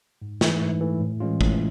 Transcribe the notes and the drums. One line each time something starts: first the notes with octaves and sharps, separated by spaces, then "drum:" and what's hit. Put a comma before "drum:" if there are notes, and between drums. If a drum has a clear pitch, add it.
G#2
E3 A3, drum: snare
G#2
E3 A3
A2
E3 G#3 C#4 F4
A2, drum: kick